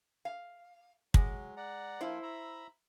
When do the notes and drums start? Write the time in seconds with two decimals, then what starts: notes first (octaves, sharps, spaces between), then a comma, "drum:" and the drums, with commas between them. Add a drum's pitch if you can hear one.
0.25 F5
1.14 F#3 G#3, drum: kick
1.57 D5 F#5 A#5
2.01 F3 A#3 E4 F4 C5
2.23 E5 A#5 B5